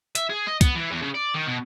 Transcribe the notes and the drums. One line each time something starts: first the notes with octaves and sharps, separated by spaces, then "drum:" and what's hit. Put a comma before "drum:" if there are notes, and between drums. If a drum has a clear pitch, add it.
E5, drum: hi-hat
G#4
D#5
B3, drum: kick, hi-hat
E3
E2
C#3
D5
D#3
B2